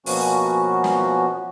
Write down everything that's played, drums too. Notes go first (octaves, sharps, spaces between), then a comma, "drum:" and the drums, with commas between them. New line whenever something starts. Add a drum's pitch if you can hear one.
B2 F3 A#3 B3 C#4 F#4, drum: open hi-hat
drum: snare